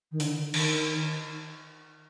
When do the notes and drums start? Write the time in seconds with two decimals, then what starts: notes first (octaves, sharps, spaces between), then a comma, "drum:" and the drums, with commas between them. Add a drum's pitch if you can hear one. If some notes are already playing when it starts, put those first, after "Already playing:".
0.12 D#3
0.20 D3, drum: open hi-hat
0.54 D#3, drum: cymbal